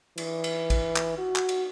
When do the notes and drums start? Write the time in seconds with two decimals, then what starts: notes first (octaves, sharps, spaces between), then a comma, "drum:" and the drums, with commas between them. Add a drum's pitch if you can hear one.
0.18 E3, drum: cymbal
0.44 drum: cymbal
0.70 drum: kick A1, cymbal
0.96 drum: clap
1.18 F#4
1.36 drum: clap
1.49 drum: cymbal